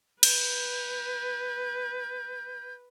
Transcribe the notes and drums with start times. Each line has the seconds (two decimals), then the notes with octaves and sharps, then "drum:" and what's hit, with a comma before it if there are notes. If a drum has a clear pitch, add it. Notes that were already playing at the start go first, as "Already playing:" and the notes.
0.23 B4 G6, drum: cymbal